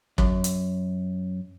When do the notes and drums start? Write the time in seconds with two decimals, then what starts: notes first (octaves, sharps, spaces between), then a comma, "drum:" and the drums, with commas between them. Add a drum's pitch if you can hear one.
0.18 F#2, drum: kick
0.44 drum: hi-hat